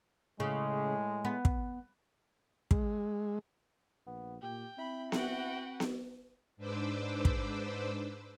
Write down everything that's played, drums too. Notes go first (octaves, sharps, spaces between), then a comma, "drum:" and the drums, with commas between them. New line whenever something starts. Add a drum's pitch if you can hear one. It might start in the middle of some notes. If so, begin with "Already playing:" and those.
A2 C#3 G#3
B3
drum: kick
G#3, drum: kick
A#1 B3
A#2 G4 G5
C4 E4 B5
F#4 B4 F#5 G5, drum: snare B3
drum: snare B3
G#2 D4 B4 C5 D6 E6
drum: kick